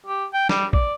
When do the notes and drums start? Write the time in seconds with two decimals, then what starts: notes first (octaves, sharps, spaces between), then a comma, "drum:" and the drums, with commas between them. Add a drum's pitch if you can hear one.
0.06 G4
0.33 G5
0.49 G3, drum: snare
0.73 D5, drum: kick